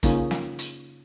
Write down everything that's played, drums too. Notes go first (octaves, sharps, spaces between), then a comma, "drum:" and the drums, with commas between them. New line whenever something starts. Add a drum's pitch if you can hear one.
C#3 A#3 D#4 F4 G#4 C#5, drum: kick, hi-hat
drum: snare
drum: hi-hat